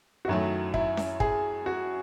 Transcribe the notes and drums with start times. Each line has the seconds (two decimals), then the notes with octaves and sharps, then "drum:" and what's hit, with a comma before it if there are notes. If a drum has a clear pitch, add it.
0.25 F#4
0.28 F#2 D#3 F#3 A3 E4
0.74 E4, drum: kick
0.97 drum: snare C#4
1.20 G#4, drum: kick
1.66 F#4